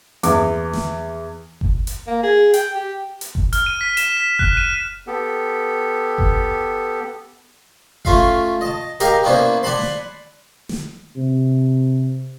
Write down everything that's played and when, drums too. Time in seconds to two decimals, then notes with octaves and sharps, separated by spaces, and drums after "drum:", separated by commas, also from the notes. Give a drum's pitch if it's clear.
0.23 E2 D6, drum: hi-hat
0.73 drum: snare
1.61 drum: kick F#1
1.87 drum: hi-hat
2.07 A#3
2.23 G#4
2.54 G5, drum: hi-hat
2.75 G4
3.21 drum: hi-hat
3.35 drum: kick F#1
3.53 F6, drum: hi-hat
3.66 D#7
3.81 B6
3.97 E7, drum: hi-hat
4.17 B6
4.39 F#6, drum: kick F#1
4.57 D#7
5.07 B3 G4 A4
6.18 drum: kick F#1
8.05 A3 C#4 F4 E5 F5, drum: kick F#1
8.61 D#5 A5
9.00 G4 A#4 D#5 F5 G5 G#5, drum: hi-hat
9.23 A#3 B3 C#4 D4 E4 C5
9.63 D5 F#5 G#5 A5 B5 C6
9.79 drum: snare
10.69 drum: snare
11.17 C3